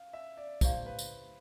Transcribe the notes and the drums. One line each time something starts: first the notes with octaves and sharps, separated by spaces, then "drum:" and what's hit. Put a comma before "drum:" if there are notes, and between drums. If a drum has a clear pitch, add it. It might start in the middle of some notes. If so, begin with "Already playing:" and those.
Already playing: F5
E5
D5
E4 G4 C5 D5 F5, drum: kick, tambourine
B4
drum: tambourine